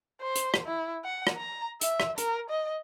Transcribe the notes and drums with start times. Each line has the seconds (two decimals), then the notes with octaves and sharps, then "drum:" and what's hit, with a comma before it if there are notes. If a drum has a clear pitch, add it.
0.21 C5
0.35 drum: hi-hat
0.54 drum: rim click
0.66 E4
1.04 F#5
1.27 drum: rim click
1.38 A#5
1.81 E5, drum: hi-hat
2.00 drum: rim click
2.18 A#4, drum: hi-hat
2.50 D#5